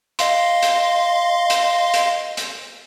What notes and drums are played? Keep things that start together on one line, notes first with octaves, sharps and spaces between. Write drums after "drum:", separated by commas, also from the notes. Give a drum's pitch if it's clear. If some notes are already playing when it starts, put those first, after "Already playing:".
D#5 F5 C6, drum: hi-hat
drum: hi-hat
drum: hi-hat
drum: hi-hat
drum: hi-hat